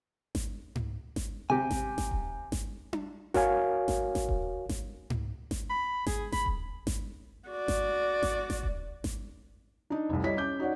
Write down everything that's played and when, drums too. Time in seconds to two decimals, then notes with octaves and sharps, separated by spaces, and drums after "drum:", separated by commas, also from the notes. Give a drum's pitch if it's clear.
0.35 drum: snare G#1
0.75 drum: tom G#2
1.16 drum: snare G#1
1.50 C3 G4 G#5
1.71 drum: snare G#1
1.98 drum: snare G#1
2.11 drum: kick D#1
2.52 drum: snare G#1
2.93 drum: tom D4
3.34 F#4 A#4 C#5 F5 G#5, drum: snare G#1
3.88 drum: snare G#1
4.15 drum: snare G#1
4.29 drum: kick D#1
4.69 drum: snare G#1
5.10 drum: tom G#2
5.51 drum: snare G#1
5.70 B5
6.07 G#4, drum: snare G#1
6.32 B5, drum: snare G#1
6.46 drum: kick D#1
6.87 drum: snare G#1
7.49 F#4 D5
7.68 drum: snare G#1
8.23 drum: snare G#1
8.50 drum: snare G#1
8.63 drum: kick D#1
9.04 drum: snare G#1
9.90 D4 D#4
10.09 F1 C2
10.24 G3 E4 C#5 D#5 B6
10.36 C#4 D6 G6
10.60 D#4 F#4 C#5 D5 F#5